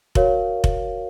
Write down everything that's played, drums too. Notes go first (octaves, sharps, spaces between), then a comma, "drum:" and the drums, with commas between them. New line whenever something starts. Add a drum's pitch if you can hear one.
F#4 A#4 C#5 F5, drum: kick F1
drum: kick F1